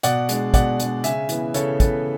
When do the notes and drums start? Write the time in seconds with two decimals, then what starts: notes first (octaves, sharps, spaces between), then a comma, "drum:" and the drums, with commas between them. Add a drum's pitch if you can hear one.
0.03 B2 D5 F#5, drum: hi-hat
0.29 G#3 D4, drum: hi-hat
0.54 B2 D5 F#5, drum: kick, hi-hat
0.80 G#3 D4, drum: hi-hat
1.04 C#3 E5 G#5, drum: hi-hat
1.29 E3 B3, drum: hi-hat
1.54 C#3 A4 C#5, drum: hi-hat
1.80 E3 B3 A4, drum: kick, hi-hat